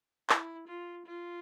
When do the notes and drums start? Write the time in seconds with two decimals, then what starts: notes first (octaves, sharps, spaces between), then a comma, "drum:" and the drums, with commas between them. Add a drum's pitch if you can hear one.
0.30 E4, drum: clap
0.68 F4
1.06 F4